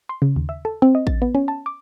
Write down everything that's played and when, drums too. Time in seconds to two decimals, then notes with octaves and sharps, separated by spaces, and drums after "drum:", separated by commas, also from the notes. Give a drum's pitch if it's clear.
0.09 C6
0.22 C#3
0.36 D#2
0.49 E5
0.65 A4
0.82 C4
0.95 D#5
1.07 A6, drum: kick A1
1.22 B3
1.35 C#4
1.48 A5
1.66 D6